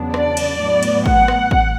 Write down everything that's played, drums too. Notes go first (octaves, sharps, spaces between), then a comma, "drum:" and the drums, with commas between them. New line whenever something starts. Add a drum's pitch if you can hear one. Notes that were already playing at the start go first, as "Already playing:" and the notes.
Already playing: E2 C#3 F#3 B3 D4
D5, drum: rim click
drum: cymbal
A2 F#3 B3
drum: cymbal
F#5, drum: kick
drum: rim click
drum: kick